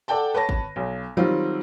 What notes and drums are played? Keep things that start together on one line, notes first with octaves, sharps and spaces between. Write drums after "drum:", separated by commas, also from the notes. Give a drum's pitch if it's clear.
A4 D5 F#5 G5 A5
B4 C#5 A5 A#6
drum: kick G1
B1
D#3 F#3 G3 C4 F4